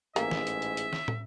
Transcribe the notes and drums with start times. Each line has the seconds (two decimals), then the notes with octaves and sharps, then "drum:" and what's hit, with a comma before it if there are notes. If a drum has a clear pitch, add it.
0.16 A1 G#2 A#3 G#4 E5, drum: hi-hat
0.31 drum: snare
0.47 drum: hi-hat
0.62 drum: hi-hat
0.77 drum: hi-hat
0.93 drum: snare
1.08 drum: tom